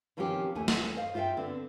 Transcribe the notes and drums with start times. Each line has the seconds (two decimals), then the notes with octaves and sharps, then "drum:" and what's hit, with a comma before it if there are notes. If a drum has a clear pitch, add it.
0.17 B2 D#3 F3 C4 C#4 G4
0.55 D#2 A3 G#5
0.68 drum: snare
0.97 C5 D#5 F5
1.15 F4 C5 E5 F5 G5
1.37 D3 B3 C4